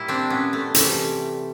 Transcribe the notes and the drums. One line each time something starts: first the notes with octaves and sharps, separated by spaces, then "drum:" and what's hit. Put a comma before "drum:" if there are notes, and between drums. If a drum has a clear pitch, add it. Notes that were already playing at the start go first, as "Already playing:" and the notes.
Already playing: A#2 G3 E4
C4 D4
B3 C#4
A3
C3 E3 G3 A3, drum: hi-hat